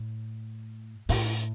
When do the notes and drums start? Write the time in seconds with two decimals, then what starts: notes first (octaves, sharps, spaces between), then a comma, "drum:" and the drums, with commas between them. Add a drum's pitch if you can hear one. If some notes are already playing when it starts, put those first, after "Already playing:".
Already playing: A2
1.09 A2, drum: open hi-hat